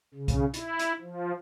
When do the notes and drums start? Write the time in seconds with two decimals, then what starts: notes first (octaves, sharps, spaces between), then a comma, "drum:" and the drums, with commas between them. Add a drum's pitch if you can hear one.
0.14 C#3
0.28 drum: kick C2, hi-hat
0.54 E4, drum: hi-hat
0.79 drum: hi-hat
1.00 F3